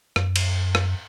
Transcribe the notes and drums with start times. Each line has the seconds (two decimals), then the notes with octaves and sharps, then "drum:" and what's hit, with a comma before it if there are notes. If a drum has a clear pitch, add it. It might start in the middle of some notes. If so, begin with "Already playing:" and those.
0.16 F#2, drum: rim click
0.36 drum: cymbal
0.75 drum: rim click